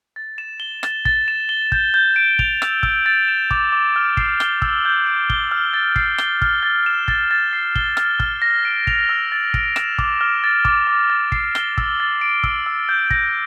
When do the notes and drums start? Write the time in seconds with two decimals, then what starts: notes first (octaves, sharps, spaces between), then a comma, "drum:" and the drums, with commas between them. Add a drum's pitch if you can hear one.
0.16 A6
0.38 E7
0.60 G7
0.83 A6, drum: rim click
1.05 A6, drum: kick
1.28 E7
1.49 G7
1.72 G6, drum: kick
1.94 G6
2.16 D7
2.39 F7, drum: kick
2.62 E6, drum: rim click
2.83 E6, drum: kick
3.06 A6
3.28 E7
3.51 D6, drum: kick
3.72 D6
3.96 F6
4.17 C7, drum: kick
4.40 G7, drum: rim click
4.62 E6, drum: kick
4.85 G6
5.06 D7
5.30 G7, drum: kick
5.51 F6
5.74 A6
5.96 C7, drum: kick
6.18 G7, drum: rim click
6.42 F6, drum: kick
6.63 A6
6.86 E7
7.08 A6, drum: kick
7.31 A6
7.53 C7
7.76 G7, drum: kick
7.97 F6, drum: rim click
8.20 F6, drum: kick
8.42 A#6
8.65 D7
8.87 F7, drum: kick
9.09 E6
9.32 A6
9.54 D7, drum: kick
9.76 E7, drum: rim click
9.99 D6, drum: kick
10.21 F6
10.44 A6
10.65 D6, drum: kick
10.87 D6
11.10 A6
11.32 C7, drum: kick
11.55 G7, drum: rim click
11.78 E6, drum: kick
12.00 A6
12.21 D7
12.44 E6, drum: kick
12.66 E6
12.89 G6
13.11 A#6, drum: kick